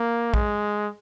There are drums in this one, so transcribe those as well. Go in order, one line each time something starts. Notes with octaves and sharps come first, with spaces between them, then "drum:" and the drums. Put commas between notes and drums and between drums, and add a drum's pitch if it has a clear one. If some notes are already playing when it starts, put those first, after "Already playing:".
Already playing: A#3
G#3, drum: kick A#1